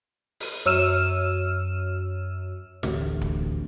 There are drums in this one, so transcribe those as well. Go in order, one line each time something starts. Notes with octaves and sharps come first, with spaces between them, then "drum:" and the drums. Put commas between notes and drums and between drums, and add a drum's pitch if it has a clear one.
drum: open hi-hat
F#2 C#5 E6 F6 D#7 E7
D1 A1 D2 C3, drum: snare
drum: kick